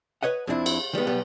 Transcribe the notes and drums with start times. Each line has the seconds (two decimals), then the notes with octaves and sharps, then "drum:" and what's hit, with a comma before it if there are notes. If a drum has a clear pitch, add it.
0.23 B4 C#5 D#5 F#5
0.47 F2 F3 C4 D4 E4
0.66 drum: cymbal
0.93 D#3 G3 G#3 B3
1.07 B1 G3 B3 G4